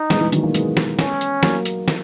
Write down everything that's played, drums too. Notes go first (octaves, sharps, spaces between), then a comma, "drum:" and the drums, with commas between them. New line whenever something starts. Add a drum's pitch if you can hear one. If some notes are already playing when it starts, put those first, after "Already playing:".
Already playing: D#4
G#3 B3, drum: snare
E3 G#3
D#3 F#3, drum: hi-hat
F#3 A#3
G#3 B3, drum: hi-hat
drum: snare
C#4, drum: snare
drum: hi-hat
F#3 A#3, drum: snare
drum: hi-hat
drum: snare